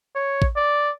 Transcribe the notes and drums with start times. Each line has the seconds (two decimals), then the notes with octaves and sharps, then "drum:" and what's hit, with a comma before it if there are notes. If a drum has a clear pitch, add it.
0.15 C#5
0.42 drum: kick
0.56 D5